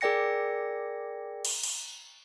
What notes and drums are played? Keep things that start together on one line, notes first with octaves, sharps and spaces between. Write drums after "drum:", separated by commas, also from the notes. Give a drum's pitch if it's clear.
G#4 A#4 D5 G5 A#6 C#7
drum: cymbal
drum: cymbal